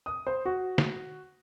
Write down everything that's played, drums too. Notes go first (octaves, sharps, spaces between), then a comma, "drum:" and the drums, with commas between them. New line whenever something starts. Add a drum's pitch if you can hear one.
D#6
C5
F#4
drum: snare